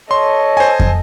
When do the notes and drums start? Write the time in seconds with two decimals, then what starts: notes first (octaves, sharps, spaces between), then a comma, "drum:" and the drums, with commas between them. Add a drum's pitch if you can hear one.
0.11 A4 C#5 D#5 C6
0.57 C5 G#5
0.80 drum: kick